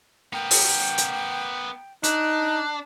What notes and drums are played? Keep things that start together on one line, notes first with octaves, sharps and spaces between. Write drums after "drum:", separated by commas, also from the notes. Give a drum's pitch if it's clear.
B3 A#4 G5
drum: open hi-hat
drum: hi-hat
D4 D#4 F#6, drum: hi-hat